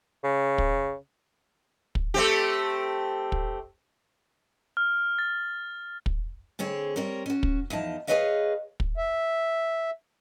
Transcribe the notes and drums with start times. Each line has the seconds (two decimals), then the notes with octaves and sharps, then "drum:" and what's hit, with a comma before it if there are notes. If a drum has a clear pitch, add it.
0.24 C#3
0.58 drum: kick
1.95 drum: kick
2.14 A3 C4 G4
3.32 drum: kick
4.77 F6
5.19 A6
6.06 drum: kick
6.59 D3 C4 G#4 C#5
6.96 G3 C4 A#4 C#5
7.26 C#4 F#4
7.43 drum: kick
7.70 E2 F3 D#4 A5
8.07 G#4 A4 B4 C#5 D#5 F5
8.80 drum: kick
8.97 E5